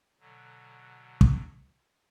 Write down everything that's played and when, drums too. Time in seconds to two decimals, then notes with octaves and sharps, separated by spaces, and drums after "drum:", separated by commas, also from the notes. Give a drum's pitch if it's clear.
0.20 B2 D3 F#3
1.21 drum: kick